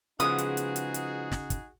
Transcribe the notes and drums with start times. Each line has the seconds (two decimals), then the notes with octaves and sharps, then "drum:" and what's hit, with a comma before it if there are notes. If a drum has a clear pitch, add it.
0.20 C#3 F3 G#3 B3 D#4 F#4 G#4 D#6, drum: hi-hat
0.38 drum: hi-hat
0.57 drum: hi-hat
0.76 drum: hi-hat
0.94 drum: hi-hat
1.32 drum: snare
1.50 drum: kick, hi-hat